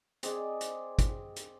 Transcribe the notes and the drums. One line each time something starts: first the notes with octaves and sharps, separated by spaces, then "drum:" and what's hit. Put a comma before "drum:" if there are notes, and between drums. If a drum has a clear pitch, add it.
C4 G#4 D5 D#5, drum: hi-hat
drum: hi-hat
drum: kick, hi-hat
drum: hi-hat